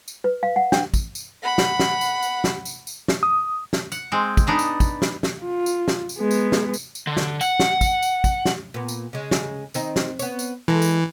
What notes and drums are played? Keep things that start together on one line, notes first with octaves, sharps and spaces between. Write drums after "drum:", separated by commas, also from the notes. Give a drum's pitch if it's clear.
drum: tambourine
B4
F5
F#5
D4, drum: snare
drum: kick, tambourine
drum: tambourine
F#5 B5
drum: snare
drum: snare
drum: tambourine
drum: tambourine
drum: snare
drum: tambourine
drum: tambourine
drum: snare
D#6
drum: snare
F#5, drum: tambourine
G#3 C4
drum: kick, tambourine
B3 D4 D#4 G#4
drum: tambourine
drum: kick, tambourine
drum: snare
drum: snare
F4
drum: tambourine
drum: snare
drum: tambourine
G#3 B3
drum: tambourine
drum: snare
drum: tambourine
drum: tambourine
D3
drum: snare
F#5, drum: tambourine
drum: snare
drum: kick, tambourine
drum: tambourine
drum: kick, tambourine
drum: snare
A#2 B3
drum: tambourine
C#3 G#3
drum: snare
D#3 C4 D#4, drum: tambourine
drum: snare
B3 C#5, drum: tambourine
drum: tambourine
E3 G#3 E4 A4
drum: tambourine